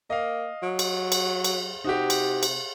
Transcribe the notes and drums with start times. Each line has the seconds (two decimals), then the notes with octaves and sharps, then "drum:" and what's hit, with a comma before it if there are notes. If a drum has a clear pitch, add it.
0.10 A#3 D#5 F5
0.63 F#3
0.79 drum: cymbal
1.12 drum: cymbal
1.44 drum: cymbal
1.84 C3 D#4 F#4 G4
2.10 drum: cymbal
2.43 drum: cymbal